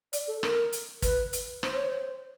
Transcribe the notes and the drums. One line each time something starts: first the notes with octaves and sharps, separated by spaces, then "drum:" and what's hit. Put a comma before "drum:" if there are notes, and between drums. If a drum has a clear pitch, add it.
D5, drum: hi-hat
A4
A#4, drum: rim click
drum: hi-hat
B4, drum: kick, hi-hat
drum: hi-hat
C5, drum: rim click
C#5
C5